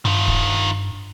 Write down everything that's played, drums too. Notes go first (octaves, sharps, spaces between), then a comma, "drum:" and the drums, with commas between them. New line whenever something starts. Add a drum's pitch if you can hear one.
G2 D#3 F4
drum: kick